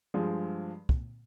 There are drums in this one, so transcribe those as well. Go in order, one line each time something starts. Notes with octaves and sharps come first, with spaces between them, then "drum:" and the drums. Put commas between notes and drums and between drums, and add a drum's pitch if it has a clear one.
G2 F3 G#3
drum: kick